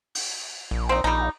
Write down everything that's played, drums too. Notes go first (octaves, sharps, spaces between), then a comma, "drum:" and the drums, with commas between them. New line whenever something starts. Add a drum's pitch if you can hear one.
drum: open hi-hat
A#1
C4 D#4
A#1 G3 D#4